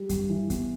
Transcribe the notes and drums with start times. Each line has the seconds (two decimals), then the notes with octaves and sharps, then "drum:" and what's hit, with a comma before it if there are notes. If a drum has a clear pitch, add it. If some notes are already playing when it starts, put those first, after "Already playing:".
Already playing: G3
0.09 G2, drum: kick, hi-hat
0.29 E3
0.50 B3, drum: kick, hi-hat